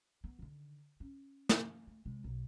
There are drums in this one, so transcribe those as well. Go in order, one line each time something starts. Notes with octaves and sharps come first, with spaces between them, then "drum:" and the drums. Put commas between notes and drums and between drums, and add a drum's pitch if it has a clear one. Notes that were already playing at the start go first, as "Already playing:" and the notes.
B3
D3 D#3
C#4
drum: snare
A3
C3 G#3
B1